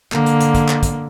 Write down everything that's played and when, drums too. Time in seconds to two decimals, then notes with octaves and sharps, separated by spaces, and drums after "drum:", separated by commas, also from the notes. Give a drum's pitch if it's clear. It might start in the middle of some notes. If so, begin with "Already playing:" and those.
0.12 D3 A#3, drum: clap
0.26 drum: hi-hat
0.40 drum: hi-hat
0.55 drum: kick, hi-hat
0.69 drum: clap
0.83 drum: kick, hi-hat